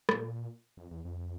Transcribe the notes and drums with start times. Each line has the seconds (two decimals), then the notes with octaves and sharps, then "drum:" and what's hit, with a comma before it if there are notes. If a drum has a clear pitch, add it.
0.09 A#2, drum: rim click
0.77 F2
0.91 E2
1.05 F2